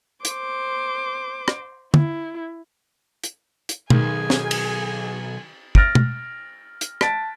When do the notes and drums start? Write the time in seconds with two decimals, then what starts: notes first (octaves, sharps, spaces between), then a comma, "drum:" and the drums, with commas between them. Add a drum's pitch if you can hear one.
0.25 C5 D6, drum: hi-hat
1.48 drum: rim click
1.94 E4, drum: tom
3.24 drum: hi-hat
3.69 drum: hi-hat
3.90 B1 D#3 G#4 G#5, drum: tom
4.30 drum: snare
4.51 drum: cymbal
5.75 F6 A6 A#6 D7, drum: kick
5.95 drum: tom
6.81 drum: hi-hat
7.01 A5 A6 B6 D7, drum: rim click